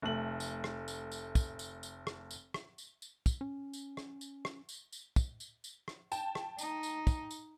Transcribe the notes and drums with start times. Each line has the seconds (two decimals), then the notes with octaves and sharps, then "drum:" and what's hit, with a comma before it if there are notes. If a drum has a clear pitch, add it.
0.02 F1 A3 F#7
0.40 drum: tambourine
0.64 drum: rim click
0.88 drum: tambourine
1.12 drum: tambourine
1.35 drum: kick, tambourine
1.59 drum: tambourine
1.83 drum: tambourine
2.07 drum: rim click
2.31 drum: tambourine
2.54 drum: rim click
2.78 drum: tambourine
3.02 drum: tambourine
3.26 drum: kick, tambourine
3.41 C#4
3.73 drum: tambourine
3.97 drum: rim click
4.21 drum: tambourine
4.45 drum: rim click
4.69 drum: tambourine
4.93 drum: tambourine
5.16 drum: kick, tambourine
5.40 drum: tambourine
5.64 drum: tambourine
5.88 drum: rim click
6.12 G5 A5, drum: tambourine
6.35 drum: rim click
6.58 D#4, drum: tambourine
6.83 drum: tambourine
7.07 drum: kick, tambourine
7.31 drum: tambourine